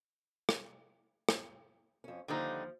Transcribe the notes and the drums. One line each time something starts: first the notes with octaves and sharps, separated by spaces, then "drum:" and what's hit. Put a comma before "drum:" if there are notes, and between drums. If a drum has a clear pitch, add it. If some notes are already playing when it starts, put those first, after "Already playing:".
drum: rim click
drum: rim click
F2 C#4
D#2 D3 F3 G3 D#4